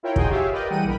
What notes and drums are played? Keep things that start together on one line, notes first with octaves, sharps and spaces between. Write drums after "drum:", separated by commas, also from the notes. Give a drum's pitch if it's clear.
E4 F4 A#4 C#5 G5
D#4 F#4 G#4 D#5 G5 C6, drum: kick
F4 G4 G#4 C#5 E5 F5
A#4 B4 D5 D#5 G5
E3 G3 G#3 F#5 G5 D#7
A#1 A#4 B5